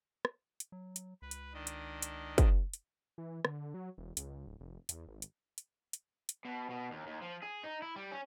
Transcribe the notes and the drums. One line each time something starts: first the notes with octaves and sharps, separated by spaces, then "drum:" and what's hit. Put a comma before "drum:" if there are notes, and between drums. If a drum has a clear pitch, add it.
drum: rim click
drum: hi-hat
F#3
drum: hi-hat
C#2 B4
drum: hi-hat
D#3 D4 D#5
drum: hi-hat
drum: hi-hat
drum: kick, hi-hat
drum: hi-hat
E3
D3, drum: rim click
F#3
E1
C#2, drum: hi-hat
D1
F1
E2, drum: hi-hat
G#1
drum: hi-hat
drum: hi-hat
drum: hi-hat
drum: hi-hat
B2
B2
D#2
D#2
F3
G#4
D#4
E4
G3
C#4